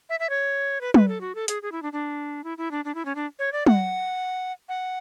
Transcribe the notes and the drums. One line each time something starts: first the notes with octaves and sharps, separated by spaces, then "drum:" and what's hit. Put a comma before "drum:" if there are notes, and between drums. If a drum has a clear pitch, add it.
E5
E5
C#5
B4
B4, drum: tom
A4
F#4
A4
G#4, drum: hi-hat
G#4
E4
D4
D4
E4
E4
D4
D4
E4
C#4
D4
C#5
D5
F#5, drum: tom
F#5